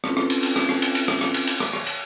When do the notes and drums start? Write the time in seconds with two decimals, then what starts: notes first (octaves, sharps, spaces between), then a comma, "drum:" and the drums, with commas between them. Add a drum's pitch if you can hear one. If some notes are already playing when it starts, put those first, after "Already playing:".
0.04 C4 C#4 E4 F4 A4 B4, drum: rim click
0.17 drum: rim click
0.30 drum: cymbal
0.43 drum: cymbal
0.56 drum: rim click
0.69 drum: rim click
0.82 drum: cymbal
0.95 drum: cymbal
1.08 drum: rim click
1.21 drum: rim click
1.34 drum: cymbal
1.47 drum: cymbal
1.60 drum: rim click
1.73 drum: rim click
1.87 drum: cymbal